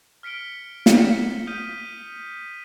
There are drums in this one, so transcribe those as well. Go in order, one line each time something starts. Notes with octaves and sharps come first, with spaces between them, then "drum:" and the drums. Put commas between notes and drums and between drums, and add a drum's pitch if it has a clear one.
F6 B6 C#7 D7 G7
drum: snare
D#6 F6 G6 B6 D#7